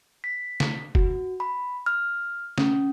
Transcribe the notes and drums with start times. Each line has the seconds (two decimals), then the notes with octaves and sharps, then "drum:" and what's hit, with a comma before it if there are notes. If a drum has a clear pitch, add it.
0.24 B6
0.60 drum: snare
0.95 F#4, drum: kick
1.40 B5
1.86 F6
2.58 C#4, drum: snare